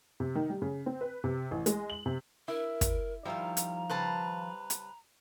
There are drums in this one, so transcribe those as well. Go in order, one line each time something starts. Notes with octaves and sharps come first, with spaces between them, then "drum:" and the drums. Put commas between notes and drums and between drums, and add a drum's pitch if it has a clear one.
C3
D#3
G3
C#3
C4
B4
C3
A1
G#3, drum: hi-hat
F#7
C3
E4 A#4
drum: kick, hi-hat
D#3 F3 G3 E4 F4 A#5
drum: hi-hat
C#3 G3 B4 C5 A5
drum: hi-hat